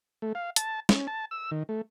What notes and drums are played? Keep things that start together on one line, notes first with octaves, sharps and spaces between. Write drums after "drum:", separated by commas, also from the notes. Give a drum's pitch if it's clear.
A3
F5
A5, drum: hi-hat
C#4, drum: snare
A5
E6
D#3
A3